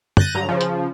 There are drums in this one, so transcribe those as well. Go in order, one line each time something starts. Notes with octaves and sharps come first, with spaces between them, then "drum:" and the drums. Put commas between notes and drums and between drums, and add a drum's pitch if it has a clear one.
F#6 G6 A6 A#6 D#7, drum: tom
G2 D3 F#3 A#5
C#3 F3
drum: hi-hat